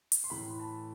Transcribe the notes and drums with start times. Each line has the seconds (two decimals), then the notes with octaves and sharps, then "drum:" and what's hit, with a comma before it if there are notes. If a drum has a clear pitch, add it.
0.12 drum: hi-hat
0.24 C6
0.30 A2 E3 A3 B5
0.59 A5